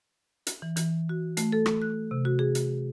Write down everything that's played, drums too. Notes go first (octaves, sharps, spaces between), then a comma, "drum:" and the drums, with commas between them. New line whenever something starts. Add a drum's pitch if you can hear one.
drum: hi-hat
E3
E3, drum: hi-hat
F#4
A3, drum: hi-hat
A4
drum: rim click
F#6
C3
F#4
G#4
drum: hi-hat